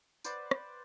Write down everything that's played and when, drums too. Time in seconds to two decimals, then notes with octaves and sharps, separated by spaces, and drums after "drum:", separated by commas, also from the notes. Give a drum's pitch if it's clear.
0.25 B4 C5 D5 F#5, drum: tambourine
0.51 drum: rim click